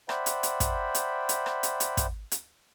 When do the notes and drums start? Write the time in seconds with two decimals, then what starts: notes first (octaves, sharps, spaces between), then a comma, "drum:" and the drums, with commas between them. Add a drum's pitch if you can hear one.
0.09 C5 D5 E5 F#5 G5 B5, drum: rim click
0.26 drum: hi-hat
0.43 drum: hi-hat
0.60 drum: kick, hi-hat
0.95 drum: hi-hat
1.29 drum: hi-hat
1.46 drum: rim click
1.63 drum: hi-hat
1.80 drum: hi-hat
1.97 drum: kick, hi-hat
2.32 drum: hi-hat